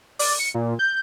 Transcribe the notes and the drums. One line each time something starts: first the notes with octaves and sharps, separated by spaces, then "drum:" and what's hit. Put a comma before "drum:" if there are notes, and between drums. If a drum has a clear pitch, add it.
D5, drum: open hi-hat
C#7
A#2
G6